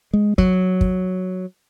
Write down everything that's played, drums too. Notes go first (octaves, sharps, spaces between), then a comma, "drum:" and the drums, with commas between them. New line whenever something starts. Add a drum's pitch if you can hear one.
G#3
F#3, drum: kick
drum: kick